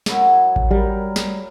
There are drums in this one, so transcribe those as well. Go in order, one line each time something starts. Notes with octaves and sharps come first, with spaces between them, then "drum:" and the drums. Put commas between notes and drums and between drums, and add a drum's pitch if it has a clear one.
F#2 F#3 E4, drum: snare
drum: kick A1
G3 A#4
drum: snare